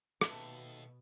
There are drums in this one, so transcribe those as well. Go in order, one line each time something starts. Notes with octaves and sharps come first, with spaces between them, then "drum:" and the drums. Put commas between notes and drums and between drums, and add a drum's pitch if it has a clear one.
D#2 B2 A3 B3, drum: rim click